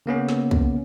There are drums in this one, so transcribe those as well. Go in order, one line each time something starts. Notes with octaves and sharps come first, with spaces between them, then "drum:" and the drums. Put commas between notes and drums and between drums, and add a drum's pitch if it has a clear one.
C#3 A#3 B3 C#4
drum: snare
drum: kick B1